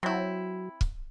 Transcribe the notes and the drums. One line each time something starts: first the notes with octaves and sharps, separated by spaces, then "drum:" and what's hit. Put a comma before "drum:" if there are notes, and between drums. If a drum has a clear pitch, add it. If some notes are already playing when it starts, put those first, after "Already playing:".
F#3 C4 E4
drum: kick